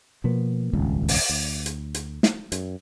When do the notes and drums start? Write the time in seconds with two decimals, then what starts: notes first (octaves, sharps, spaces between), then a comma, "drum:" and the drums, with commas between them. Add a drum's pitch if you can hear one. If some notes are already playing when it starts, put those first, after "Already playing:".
0.24 B2 F3 A#3 B3
0.73 D#1 G#1 C#2
1.08 drum: open hi-hat
1.29 D2
1.66 drum: hi-hat
1.94 drum: hi-hat
2.23 drum: snare
2.52 F#2, drum: hi-hat